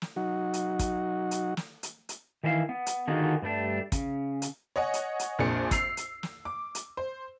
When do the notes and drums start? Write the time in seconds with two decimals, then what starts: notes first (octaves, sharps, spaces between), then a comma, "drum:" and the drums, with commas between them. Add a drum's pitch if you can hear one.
0.02 drum: snare
0.16 F#3 D#4 F#4
0.54 drum: hi-hat
0.79 drum: kick, hi-hat
1.31 drum: hi-hat
1.57 drum: snare
1.83 drum: hi-hat
2.09 drum: hi-hat
2.43 D#3 E3 E4 E5 F5
2.69 B3
2.86 drum: hi-hat
3.07 D3 D#3 D#4 F4 F#4 G#4
3.42 G2 G3 A3 D4
3.92 C#3, drum: kick, hi-hat
4.42 drum: hi-hat
4.76 C#5 D#5 F#5 G#5
4.94 drum: hi-hat
5.19 drum: hi-hat
5.39 A#1 F2 A#2 D4 G#4 C#7
5.71 E6 C7 F7, drum: kick, hi-hat
5.97 drum: hi-hat
6.23 drum: snare
6.45 D6
6.75 drum: hi-hat
6.97 C5